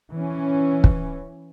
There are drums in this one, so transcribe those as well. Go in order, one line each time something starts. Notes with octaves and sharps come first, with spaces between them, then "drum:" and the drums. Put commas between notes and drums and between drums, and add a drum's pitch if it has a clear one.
E3 C#4
drum: kick